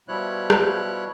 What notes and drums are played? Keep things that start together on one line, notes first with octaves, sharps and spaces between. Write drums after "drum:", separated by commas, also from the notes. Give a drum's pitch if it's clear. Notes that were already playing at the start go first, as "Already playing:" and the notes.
B2 F3 G3 E4 C#5 F#6
drum: rim click